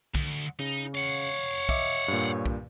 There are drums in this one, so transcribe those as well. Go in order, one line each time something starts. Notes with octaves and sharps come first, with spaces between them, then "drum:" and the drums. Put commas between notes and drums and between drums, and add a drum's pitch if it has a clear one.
D2, drum: kick
C#3 D#4
C#5 F5 F#5
D#5 E5 D6, drum: kick
G2 A#2
drum: kick